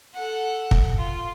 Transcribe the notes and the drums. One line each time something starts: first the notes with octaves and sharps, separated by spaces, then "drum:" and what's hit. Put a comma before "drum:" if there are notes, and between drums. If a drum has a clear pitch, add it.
A4 F#5
drum: kick
F4